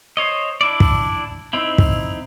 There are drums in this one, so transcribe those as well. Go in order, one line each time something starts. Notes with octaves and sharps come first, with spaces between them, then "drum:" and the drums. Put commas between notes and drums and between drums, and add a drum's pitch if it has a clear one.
C5 C#5 D#5
D4 E4 D5
drum: kick
C4 D#4 E4
drum: kick